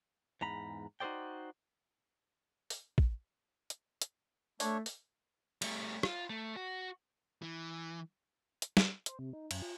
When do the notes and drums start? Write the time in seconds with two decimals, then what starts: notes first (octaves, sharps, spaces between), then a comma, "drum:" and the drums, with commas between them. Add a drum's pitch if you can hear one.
0.41 E2 G#2 A#5 B5
1.00 D#4 F#4 A4 C5 D5 G5
2.70 drum: open hi-hat
2.98 drum: kick
3.70 drum: hi-hat
4.02 drum: hi-hat
4.60 A3 D4 C#5, drum: open hi-hat
4.86 drum: open hi-hat
5.62 G3 A3, drum: cymbal
6.03 F4, drum: rim click
6.30 A3
6.56 F#4
7.42 E3
8.62 drum: hi-hat
8.77 drum: snare
9.06 C5, drum: hi-hat
9.19 C3
9.33 D#4
9.51 F#2, drum: cymbal
9.62 F4